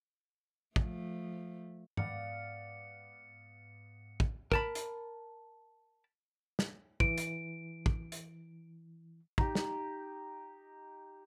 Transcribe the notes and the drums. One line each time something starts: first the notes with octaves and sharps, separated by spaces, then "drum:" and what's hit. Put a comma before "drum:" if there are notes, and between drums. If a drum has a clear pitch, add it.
F3 A3, drum: kick
G#2 B3 D5 F5 C#7, drum: tom G2
drum: kick
A#4 A5 B5, drum: kick
drum: hi-hat
drum: snare
E3 D7, drum: kick
drum: hi-hat
drum: kick
drum: hi-hat
D#4 G4, drum: kick
drum: snare